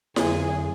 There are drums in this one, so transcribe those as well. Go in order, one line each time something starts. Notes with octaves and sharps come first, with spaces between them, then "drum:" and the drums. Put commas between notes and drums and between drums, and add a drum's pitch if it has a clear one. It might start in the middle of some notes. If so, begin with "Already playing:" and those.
F2 D3 F#3 G#4, drum: snare E4